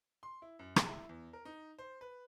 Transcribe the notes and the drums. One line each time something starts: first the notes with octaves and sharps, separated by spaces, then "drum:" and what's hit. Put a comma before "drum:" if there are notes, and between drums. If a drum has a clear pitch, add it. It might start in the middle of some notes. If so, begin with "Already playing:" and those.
C6
E4
F#2
G#3, drum: rim click
E4
E2
A#4
D#4
C5
B4